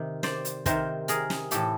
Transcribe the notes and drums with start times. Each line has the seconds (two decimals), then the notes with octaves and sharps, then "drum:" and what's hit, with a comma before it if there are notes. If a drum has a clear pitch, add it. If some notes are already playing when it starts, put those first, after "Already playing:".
Already playing: C3 D#3
0.23 C5 D5, drum: snare
0.45 drum: hi-hat
0.66 C3 D#3 A#4 C5, drum: kick, hi-hat
1.08 G#4 A#4, drum: hi-hat
1.30 drum: snare
1.51 A2 E3 G4 A4, drum: hi-hat